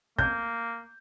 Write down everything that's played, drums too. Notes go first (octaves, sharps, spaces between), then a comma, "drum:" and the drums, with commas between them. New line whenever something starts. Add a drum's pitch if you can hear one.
A#3 G6, drum: kick